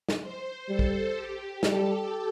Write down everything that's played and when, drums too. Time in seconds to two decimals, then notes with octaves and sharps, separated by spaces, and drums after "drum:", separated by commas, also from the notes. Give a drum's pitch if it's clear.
0.09 drum: snare
0.21 C5
0.68 G3 A4
0.79 drum: kick
1.15 G4
1.63 G3 A4, drum: snare